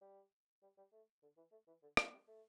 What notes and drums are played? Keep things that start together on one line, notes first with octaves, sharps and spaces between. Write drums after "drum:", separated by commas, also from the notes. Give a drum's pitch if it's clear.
G3
G3
G3
A3
D3
E3
A3
E3
D3
drum: rim click
G3
A3